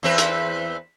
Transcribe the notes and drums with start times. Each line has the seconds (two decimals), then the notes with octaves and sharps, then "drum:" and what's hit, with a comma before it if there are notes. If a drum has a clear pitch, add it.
0.03 E2 C4 B4
0.18 drum: hi-hat